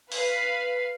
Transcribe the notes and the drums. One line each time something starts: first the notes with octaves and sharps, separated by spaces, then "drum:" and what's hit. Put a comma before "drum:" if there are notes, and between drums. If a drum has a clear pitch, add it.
B4 F5 B5, drum: open hi-hat